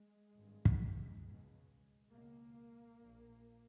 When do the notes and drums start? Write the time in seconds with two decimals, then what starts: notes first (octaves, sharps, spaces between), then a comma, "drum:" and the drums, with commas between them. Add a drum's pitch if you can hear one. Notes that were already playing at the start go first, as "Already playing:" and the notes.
Already playing: G#3
0.36 G#1 G2
0.65 drum: kick
1.24 C#2 B2
2.12 C#2 B2 A#3
2.99 A#1 A#2